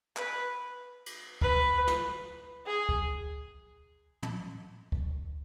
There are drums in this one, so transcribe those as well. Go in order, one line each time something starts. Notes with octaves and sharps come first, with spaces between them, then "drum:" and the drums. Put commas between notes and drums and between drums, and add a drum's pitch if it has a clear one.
B4, drum: clap
drum: cymbal
B4, drum: kick
drum: snare
G#4
drum: kick
drum: tom
drum: kick